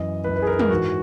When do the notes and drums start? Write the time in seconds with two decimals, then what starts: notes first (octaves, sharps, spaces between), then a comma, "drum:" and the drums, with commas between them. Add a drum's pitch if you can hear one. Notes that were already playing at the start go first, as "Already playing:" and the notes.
Already playing: F#2 E3 D#5
0.24 F#2 E3 B4
0.36 B4
0.42 G#4
0.47 A#4
0.59 A#4, drum: tom
0.70 G#2 E3 F#4